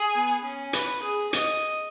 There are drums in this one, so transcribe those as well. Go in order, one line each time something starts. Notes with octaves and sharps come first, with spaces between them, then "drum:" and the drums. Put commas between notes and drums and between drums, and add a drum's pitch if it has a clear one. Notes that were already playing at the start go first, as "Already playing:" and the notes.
Already playing: G#4
B3
C#4
B4, drum: hi-hat
G#4
D#5, drum: hi-hat